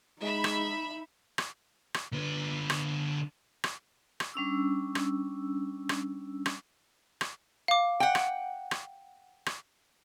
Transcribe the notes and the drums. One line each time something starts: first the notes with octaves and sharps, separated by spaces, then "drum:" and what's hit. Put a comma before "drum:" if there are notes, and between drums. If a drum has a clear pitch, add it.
G#3 D#4 E5 B5
drum: rim click
drum: rim click
drum: rim click
D3 B4
drum: rim click
drum: rim click
drum: rim click
G3 C#4 D4 E6
drum: rim click
drum: rim click
drum: rim click
drum: rim click
F5 D6
F#5 G5
drum: rim click
drum: rim click
drum: rim click